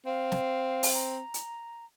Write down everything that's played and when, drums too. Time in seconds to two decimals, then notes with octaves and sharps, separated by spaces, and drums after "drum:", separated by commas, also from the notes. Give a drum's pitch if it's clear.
0.06 C4 F5
0.32 drum: snare
0.83 drum: open hi-hat
0.94 A#5
1.34 drum: hi-hat